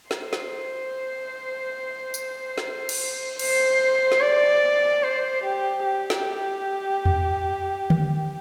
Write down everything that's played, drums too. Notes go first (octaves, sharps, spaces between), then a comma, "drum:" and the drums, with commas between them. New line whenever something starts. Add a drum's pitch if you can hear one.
C5, drum: snare
drum: snare
drum: tambourine
drum: snare
drum: cymbal
C5, drum: cymbal
drum: snare
D5
C5
G4
G4
drum: snare
drum: tom E2
drum: tom D3